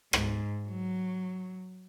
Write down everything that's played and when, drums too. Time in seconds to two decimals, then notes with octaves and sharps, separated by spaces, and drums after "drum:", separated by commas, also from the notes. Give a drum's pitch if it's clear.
0.13 G#2, drum: rim click
0.68 F#3